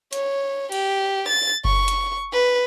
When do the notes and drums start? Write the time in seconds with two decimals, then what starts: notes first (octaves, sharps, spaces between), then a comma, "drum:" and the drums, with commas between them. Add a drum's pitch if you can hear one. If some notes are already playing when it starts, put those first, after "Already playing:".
0.13 C#5, drum: hi-hat
0.72 G4, drum: cymbal
1.28 A6
1.65 C#6, drum: kick F#1
1.88 drum: hi-hat
2.32 B4